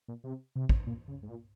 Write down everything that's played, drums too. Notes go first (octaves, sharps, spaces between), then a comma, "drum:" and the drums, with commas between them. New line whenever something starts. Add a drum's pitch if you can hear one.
A#2
C3
C3
drum: kick
A#2
C#3
G#2
A#2